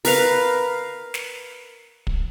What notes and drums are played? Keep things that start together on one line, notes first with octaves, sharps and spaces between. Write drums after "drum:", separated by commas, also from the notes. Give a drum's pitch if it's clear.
A#4 B4 F5, drum: open hi-hat
drum: snare
drum: kick